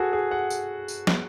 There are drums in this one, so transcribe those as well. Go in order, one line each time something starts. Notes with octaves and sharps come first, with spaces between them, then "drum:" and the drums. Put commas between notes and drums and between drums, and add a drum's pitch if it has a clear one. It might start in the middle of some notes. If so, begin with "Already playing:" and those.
Already playing: F#4 G#4 A4 B4
G#4
F#5
drum: tambourine
drum: tambourine
drum: snare